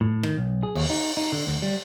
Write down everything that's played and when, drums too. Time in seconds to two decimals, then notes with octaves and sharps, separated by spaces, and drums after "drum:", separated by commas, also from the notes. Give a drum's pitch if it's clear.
0.01 A2
0.23 D#3, drum: rim click
0.37 B1
0.63 G#4
0.75 D#2, drum: cymbal
0.90 D#4
1.17 D#4
1.32 D3
1.47 D2, drum: snare
1.62 G3